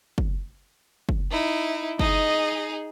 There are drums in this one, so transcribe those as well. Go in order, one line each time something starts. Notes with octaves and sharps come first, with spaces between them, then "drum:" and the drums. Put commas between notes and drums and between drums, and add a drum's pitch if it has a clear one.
drum: kick F#1
drum: kick F#1
D#4 E4
D#4 G#4 D#5, drum: kick F#1